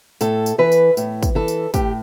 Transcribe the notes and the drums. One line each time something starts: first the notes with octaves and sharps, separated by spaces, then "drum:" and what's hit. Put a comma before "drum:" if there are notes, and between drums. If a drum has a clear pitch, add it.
A2 A4, drum: tambourine
drum: tambourine
E3 B4
drum: tambourine
A2, drum: tambourine
drum: kick, tambourine
E3 A4
drum: tambourine
A2 G4, drum: kick, tambourine